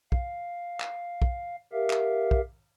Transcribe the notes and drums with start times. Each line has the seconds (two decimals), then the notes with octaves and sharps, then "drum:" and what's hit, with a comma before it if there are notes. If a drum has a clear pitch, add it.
0.12 F5, drum: kick
0.80 drum: clap
1.22 drum: kick
1.73 G4 A#4 E5 F5
1.90 drum: clap
2.31 drum: kick